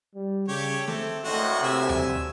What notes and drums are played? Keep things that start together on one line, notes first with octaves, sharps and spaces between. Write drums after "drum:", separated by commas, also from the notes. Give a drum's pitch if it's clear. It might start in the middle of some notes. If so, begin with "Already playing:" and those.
G3
C#3 G4 A4 C#5
A3 C4 A4, drum: snare
G#1 D2 A2 F#4 C5 D#5
C3 E5 G#5 E6
drum: tom D#2